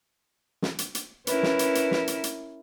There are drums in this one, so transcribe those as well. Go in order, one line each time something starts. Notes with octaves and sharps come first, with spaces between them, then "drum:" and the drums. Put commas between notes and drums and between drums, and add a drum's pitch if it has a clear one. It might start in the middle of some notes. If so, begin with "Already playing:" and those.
drum: snare
drum: hi-hat
drum: hi-hat
C#4 E4 A#4 B4, drum: hi-hat
drum: snare
drum: hi-hat
drum: hi-hat
drum: snare
drum: hi-hat
drum: hi-hat